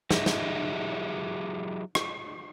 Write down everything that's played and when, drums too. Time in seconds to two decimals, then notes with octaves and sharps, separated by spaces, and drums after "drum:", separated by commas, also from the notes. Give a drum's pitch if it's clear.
0.11 F#3 E4 G4 G#4 D#5 E5, drum: snare
0.26 drum: snare
1.95 drum: rim click